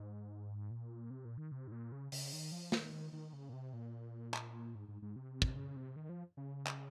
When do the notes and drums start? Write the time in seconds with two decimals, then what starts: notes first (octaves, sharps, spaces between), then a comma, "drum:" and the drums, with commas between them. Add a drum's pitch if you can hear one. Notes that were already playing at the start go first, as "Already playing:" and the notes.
Already playing: G#2
0.71 A#2
1.10 C3
1.25 A#2
1.38 D#3
1.52 C3
1.68 G#2
1.72 A#2
1.92 C#3
2.12 C#3, drum: open hi-hat
2.33 D#3
2.52 F3
2.72 D#3, drum: snare
3.13 D#3
3.33 C#3
3.49 A#2
3.53 C3
3.73 A#2
4.34 drum: clap
4.75 G#2
4.88 G#2
5.02 G#2
5.16 C3
5.42 drum: kick
5.56 C#3
5.76 C3
5.96 D#3
6.09 F3
6.37 C#3
6.67 drum: clap